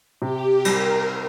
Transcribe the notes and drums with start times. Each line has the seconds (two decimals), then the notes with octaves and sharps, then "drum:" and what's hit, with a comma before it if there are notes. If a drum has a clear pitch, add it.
0.21 C3 G4
0.65 G3 A#4, drum: cymbal